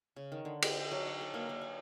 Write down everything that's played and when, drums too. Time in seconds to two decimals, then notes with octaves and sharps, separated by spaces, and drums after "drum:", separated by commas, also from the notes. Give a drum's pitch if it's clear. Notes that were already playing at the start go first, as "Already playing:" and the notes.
0.16 C#3
0.32 D#3
0.45 D3
0.62 G4, drum: cymbal
0.76 G5
0.91 F#3
1.07 F#5
1.21 A4
1.34 A#3
1.49 A#3
1.61 G#5